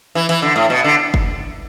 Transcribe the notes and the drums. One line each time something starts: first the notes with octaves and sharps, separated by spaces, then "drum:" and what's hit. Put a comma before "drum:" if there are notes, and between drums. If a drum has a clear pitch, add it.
E3
E3, drum: cymbal
D3
A2
B2
D3
drum: kick